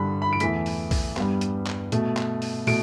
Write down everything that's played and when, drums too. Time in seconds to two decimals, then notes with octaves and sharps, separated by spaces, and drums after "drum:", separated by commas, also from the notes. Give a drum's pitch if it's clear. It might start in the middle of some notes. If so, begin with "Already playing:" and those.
Already playing: G2 D3 G3 B5
0.22 B5
0.33 D7
0.40 E2 E3 A3 B6, drum: hi-hat
0.66 drum: open hi-hat
0.91 drum: kick B1, open hi-hat
1.17 G2 G3 B3, drum: clap
1.41 drum: hi-hat
1.66 drum: clap
1.92 B2 A3, drum: hi-hat
2.17 drum: clap
2.42 drum: open hi-hat
2.67 B2 A3 D7, drum: open hi-hat